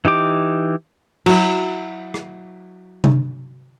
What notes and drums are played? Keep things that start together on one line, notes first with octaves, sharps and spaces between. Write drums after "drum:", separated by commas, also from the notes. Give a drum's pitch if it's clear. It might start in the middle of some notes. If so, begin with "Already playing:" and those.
E3 D#4 G4 D6
F#3 E4, drum: cymbal
drum: rim click
drum: tom C3